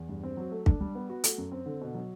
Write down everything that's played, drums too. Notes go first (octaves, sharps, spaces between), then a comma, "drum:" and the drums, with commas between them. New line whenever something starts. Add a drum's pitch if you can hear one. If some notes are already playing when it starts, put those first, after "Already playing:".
Already playing: E2
G2
C4
F#3
A3
D4, drum: kick
G3
B3
F#4
A3, drum: hi-hat
F#2
C4
D3
B2
F#3